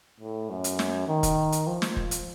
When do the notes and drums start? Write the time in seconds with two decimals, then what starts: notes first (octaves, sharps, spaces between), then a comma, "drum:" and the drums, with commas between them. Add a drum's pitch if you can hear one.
0.20 A2
0.49 F#2
0.64 drum: hi-hat
0.79 drum: snare
1.08 D#3
1.23 drum: kick, hi-hat
1.52 drum: hi-hat
1.67 F3
1.82 drum: snare
1.96 drum: kick
2.11 drum: hi-hat